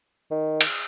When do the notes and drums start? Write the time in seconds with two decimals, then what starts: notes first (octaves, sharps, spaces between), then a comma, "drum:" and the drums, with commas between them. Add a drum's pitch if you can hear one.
0.31 D#3
0.61 drum: cymbal